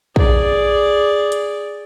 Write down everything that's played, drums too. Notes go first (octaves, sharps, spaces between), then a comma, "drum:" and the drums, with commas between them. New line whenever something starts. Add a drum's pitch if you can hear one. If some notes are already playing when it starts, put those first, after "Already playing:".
G#4 D5, drum: kick
drum: hi-hat